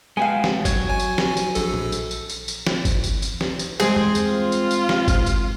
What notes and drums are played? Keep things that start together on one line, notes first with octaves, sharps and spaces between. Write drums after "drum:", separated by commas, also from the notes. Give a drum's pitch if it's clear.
G#3 B3 F#4 F5 G5 G#5
drum: snare
F#3 C#5, drum: kick G1, tambourine
C#5 G#5
drum: tambourine
drum: snare
drum: tambourine
A#1 A4, drum: tambourine
drum: tom
drum: tambourine
drum: tambourine
drum: tambourine
drum: tambourine
drum: snare
drum: kick G1, tambourine
drum: tambourine
drum: tambourine
drum: snare
drum: tambourine
E3 G3 G#3 C4 G#4, drum: tambourine
drum: tom E2
drum: tambourine
F4
drum: tambourine
drum: tambourine
drum: snare
drum: kick G1, tambourine
drum: tambourine